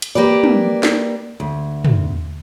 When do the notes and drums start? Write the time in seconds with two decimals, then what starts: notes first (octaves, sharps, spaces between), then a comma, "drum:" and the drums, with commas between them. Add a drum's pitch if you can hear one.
0.02 drum: hi-hat
0.15 A#3 G4 B4 D5
0.44 drum: tom
0.83 drum: snare
1.40 D2
1.84 drum: tom